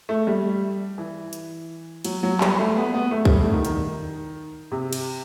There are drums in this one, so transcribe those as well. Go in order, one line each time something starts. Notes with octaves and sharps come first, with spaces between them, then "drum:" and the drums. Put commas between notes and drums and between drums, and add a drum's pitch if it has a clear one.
A3
G3
E3
drum: hi-hat
F#3, drum: cymbal
F#3
G3, drum: clap B5
A3
B3
B3
A3
G3, drum: kick
A3
D#3
D#3, drum: hi-hat
C3
drum: cymbal